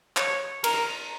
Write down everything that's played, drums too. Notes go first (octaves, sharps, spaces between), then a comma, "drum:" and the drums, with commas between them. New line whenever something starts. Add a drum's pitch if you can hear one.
C#5, drum: clap
A#4, drum: cymbal